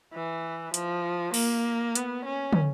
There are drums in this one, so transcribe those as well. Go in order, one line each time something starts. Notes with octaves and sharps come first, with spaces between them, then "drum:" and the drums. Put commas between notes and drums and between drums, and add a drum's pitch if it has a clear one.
E3
F3, drum: hi-hat
A#3, drum: open hi-hat
B3, drum: hi-hat
C#4
drum: tom